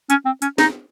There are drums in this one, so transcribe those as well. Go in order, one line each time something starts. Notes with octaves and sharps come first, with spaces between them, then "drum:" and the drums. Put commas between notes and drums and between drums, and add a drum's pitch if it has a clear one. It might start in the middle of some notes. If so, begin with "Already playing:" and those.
C#4, drum: hi-hat
C4
C#4, drum: hi-hat
D#4, drum: snare